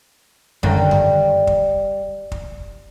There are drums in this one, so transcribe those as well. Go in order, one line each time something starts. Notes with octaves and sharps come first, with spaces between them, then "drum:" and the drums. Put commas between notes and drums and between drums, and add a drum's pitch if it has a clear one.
F#2 D3 D#3 G3, drum: kick
drum: tom F#2
drum: kick
drum: kick